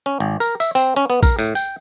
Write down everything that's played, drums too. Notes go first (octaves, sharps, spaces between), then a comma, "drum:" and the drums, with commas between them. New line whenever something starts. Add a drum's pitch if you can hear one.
C#4
G#1
A#4, drum: tambourine
E5, drum: tambourine
C4, drum: tambourine
C#4
B3
A#4, drum: kick, tambourine
A2, drum: tambourine
G5, drum: tambourine